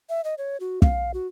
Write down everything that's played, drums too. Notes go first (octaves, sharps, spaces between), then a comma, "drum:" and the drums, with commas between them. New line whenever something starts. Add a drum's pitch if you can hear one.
E5
D#5
C#5
F#4
F5, drum: kick
F#4